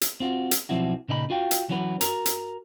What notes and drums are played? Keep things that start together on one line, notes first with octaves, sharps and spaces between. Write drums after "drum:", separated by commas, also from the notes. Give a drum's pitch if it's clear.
drum: hi-hat
C4 F4 F#4
drum: hi-hat
B1 F3 C4 E4 F#4
A#2 C#3 D#4 D#5 B5
F4 F#4 F5 G5
drum: hi-hat
E3 F#3 C#4 F#4 B4
F#4 A#4 A#5, drum: hi-hat
drum: hi-hat